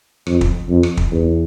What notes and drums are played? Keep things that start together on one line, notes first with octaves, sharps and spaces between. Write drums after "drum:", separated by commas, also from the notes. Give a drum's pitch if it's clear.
F2, drum: rim click
drum: kick
F2
drum: rim click
drum: kick
E2